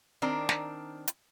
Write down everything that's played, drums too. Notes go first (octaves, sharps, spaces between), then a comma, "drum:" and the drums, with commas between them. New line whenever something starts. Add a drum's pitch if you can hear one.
D#3 C4 D4 A#4
drum: snare
drum: hi-hat